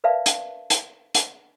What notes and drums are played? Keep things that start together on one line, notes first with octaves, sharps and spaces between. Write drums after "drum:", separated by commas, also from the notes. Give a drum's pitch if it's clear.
A#4 B4 D5 E5 F5 A5
drum: hi-hat
drum: hi-hat
drum: hi-hat